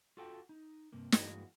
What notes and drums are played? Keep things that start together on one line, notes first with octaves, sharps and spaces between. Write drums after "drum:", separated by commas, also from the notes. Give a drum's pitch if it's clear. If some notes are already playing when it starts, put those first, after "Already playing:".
F4 F#4 A4 F#5 G5
D#4
G2 C3 A#3
G2 E3 G#3 A#3 F#4, drum: snare